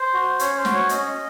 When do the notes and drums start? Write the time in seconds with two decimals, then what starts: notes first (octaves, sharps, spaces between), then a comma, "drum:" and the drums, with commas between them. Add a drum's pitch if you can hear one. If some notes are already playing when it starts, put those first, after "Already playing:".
Already playing: C5
0.14 F#4
0.39 C#4 C#5, drum: hi-hat
0.56 C5
0.65 F#4, drum: snare
0.73 C#5
0.89 C#4 D#5, drum: hi-hat